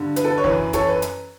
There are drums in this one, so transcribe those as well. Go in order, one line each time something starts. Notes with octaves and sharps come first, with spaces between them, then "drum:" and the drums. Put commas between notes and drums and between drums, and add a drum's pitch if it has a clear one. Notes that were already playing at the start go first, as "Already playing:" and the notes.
Already playing: G2 D3
B4, drum: hi-hat
A4
B4
C#5
F#2 E3 B4, drum: snare
A4 C#5, drum: kick, hi-hat
B4
drum: hi-hat